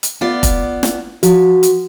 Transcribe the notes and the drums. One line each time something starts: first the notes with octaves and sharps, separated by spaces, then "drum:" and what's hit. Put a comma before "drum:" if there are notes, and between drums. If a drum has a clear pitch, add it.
drum: hi-hat
B3 F4 D5
drum: kick F1, hi-hat
drum: snare
F3 F#4, drum: hi-hat
drum: hi-hat